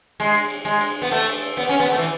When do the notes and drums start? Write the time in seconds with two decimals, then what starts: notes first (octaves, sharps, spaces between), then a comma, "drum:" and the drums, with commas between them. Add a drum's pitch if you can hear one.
0.20 G#3, drum: cymbal
0.35 drum: cymbal
0.50 drum: cymbal
0.65 G#3, drum: cymbal
0.81 drum: cymbal
1.02 B3
1.11 A3, drum: cymbal
1.27 drum: cymbal
1.42 drum: cymbal
1.57 B3, drum: cymbal
1.69 C#4
1.80 B3
1.92 A3
1.98 E3